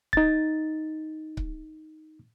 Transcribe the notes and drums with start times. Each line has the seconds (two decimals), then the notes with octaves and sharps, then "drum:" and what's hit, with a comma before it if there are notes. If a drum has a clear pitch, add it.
0.13 D#4 A6, drum: kick C#1
1.37 drum: kick C#1